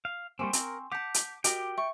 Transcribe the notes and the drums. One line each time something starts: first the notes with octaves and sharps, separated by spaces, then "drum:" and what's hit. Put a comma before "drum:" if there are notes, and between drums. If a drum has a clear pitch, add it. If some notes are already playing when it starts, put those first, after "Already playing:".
F5
G3 A#3 C4 G4 G#5 C6 C#6
C4 A#4, drum: hi-hat
F#5 A5 D6 G6 B6 F7
drum: hi-hat
F#4 G4 A#4 D#5 G5, drum: hi-hat
E5 C#6